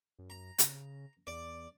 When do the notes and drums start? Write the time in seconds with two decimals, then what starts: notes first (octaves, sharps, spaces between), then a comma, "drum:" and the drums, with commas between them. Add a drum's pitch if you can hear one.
0.19 F#2
0.30 A#5
0.58 C#3, drum: hi-hat
1.27 E2 D5